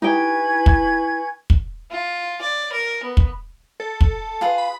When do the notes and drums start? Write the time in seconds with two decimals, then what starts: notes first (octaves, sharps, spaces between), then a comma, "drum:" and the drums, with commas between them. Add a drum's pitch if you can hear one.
0.02 D#4 E4 G4 B4 G5 G#5 C#6 G#6
0.66 drum: kick
1.50 drum: kick
1.90 F4
2.41 D5
2.72 A#4
3.03 B3
3.17 drum: kick
3.80 A4
4.01 drum: kick
4.41 F4 G#4 B4
4.58 B5